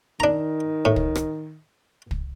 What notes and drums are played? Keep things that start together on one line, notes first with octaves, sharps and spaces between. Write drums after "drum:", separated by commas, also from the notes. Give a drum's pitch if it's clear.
D#3 D4 A#5
A2
drum: kick
drum: rim click
drum: kick